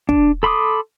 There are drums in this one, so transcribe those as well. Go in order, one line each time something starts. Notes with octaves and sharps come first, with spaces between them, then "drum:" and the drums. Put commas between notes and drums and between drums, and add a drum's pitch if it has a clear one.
D4, drum: kick
A4 B5 C6 D6 D#6